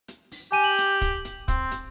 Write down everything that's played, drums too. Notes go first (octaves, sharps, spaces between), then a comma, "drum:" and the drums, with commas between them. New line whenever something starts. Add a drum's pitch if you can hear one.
drum: hi-hat
drum: open hi-hat
G4 G#5 D#7
F#7
drum: hi-hat
drum: kick, hi-hat
drum: hi-hat
C4, drum: kick, hi-hat
drum: hi-hat